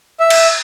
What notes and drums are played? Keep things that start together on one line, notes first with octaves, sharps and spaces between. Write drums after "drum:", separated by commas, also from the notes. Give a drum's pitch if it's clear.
E5
drum: cymbal